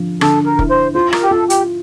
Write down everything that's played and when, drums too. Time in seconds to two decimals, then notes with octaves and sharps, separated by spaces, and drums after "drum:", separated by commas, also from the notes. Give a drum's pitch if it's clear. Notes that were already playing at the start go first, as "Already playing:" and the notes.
Already playing: D3 F3
0.21 D3 A4, drum: rim click
0.46 A#4
0.59 E4, drum: kick
0.70 C5
0.95 F4 C5
1.13 A#4, drum: rim click
1.23 G4
1.31 F4 A4
1.50 G4, drum: hi-hat